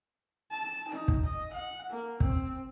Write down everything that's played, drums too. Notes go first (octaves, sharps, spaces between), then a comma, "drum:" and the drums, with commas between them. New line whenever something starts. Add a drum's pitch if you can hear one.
A5
D#4
drum: kick
D#5
F#5
A#3
C4, drum: kick